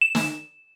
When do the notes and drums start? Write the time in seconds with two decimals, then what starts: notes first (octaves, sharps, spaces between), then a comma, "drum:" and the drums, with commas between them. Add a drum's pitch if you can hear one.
0.01 E7
0.15 drum: snare